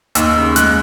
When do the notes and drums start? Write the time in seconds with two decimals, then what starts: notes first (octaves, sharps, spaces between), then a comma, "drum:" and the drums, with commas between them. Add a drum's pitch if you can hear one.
0.15 D#2 E6, drum: hi-hat
0.36 C#3
0.56 G#3 F#6, drum: hi-hat